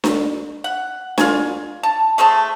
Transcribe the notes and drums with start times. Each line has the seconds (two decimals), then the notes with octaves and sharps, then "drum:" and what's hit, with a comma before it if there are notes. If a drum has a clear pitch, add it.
0.04 drum: snare D4
0.64 F#5
1.18 F4 G#5, drum: snare D4
1.83 A5
2.18 A3 G#4 C5 A5